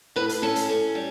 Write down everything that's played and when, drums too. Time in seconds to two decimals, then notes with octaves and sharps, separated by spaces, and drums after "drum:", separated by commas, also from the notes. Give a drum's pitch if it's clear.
0.16 A2 B4
0.29 drum: hi-hat
0.42 C#4 A4
0.56 drum: hi-hat
0.69 C#4
0.95 G3